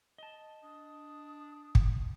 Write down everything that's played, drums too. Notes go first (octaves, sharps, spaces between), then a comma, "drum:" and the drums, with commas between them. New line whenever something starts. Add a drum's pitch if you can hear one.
D#5 A5
D4 D#6
drum: kick